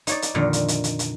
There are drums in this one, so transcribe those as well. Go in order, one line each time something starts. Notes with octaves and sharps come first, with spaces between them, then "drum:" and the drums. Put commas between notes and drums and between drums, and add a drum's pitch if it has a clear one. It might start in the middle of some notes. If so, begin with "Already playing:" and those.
D#4 C#5 D5, drum: hi-hat
drum: hi-hat
F2 A#2 D3 D#3
drum: hi-hat
drum: hi-hat
drum: hi-hat
drum: hi-hat